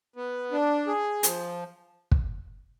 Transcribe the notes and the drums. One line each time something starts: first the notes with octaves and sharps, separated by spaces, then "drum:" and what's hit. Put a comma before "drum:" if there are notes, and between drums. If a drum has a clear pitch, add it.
B3
D4
G#4
F3, drum: hi-hat
drum: kick